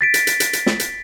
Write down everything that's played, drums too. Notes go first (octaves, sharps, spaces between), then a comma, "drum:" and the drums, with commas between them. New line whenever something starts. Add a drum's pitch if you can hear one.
A6 B6 D7
drum: hi-hat
drum: hi-hat
drum: hi-hat
drum: hi-hat
drum: snare
drum: hi-hat